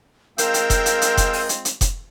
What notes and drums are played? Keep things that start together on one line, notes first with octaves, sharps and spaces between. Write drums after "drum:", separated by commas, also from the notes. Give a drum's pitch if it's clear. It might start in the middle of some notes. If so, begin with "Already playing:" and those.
G#3 C4 F4 A#4 F5 G5 E6 G6, drum: hi-hat
drum: hi-hat
drum: kick F1, hi-hat
drum: hi-hat
drum: hi-hat
drum: kick F1, hi-hat
drum: open hi-hat
drum: hi-hat
drum: hi-hat
drum: kick F1, hi-hat